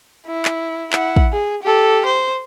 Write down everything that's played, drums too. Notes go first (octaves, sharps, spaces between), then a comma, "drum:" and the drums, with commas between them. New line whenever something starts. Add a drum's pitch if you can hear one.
E4
drum: clap
E4 F#5, drum: clap
drum: kick
G#4
G4 A4
C5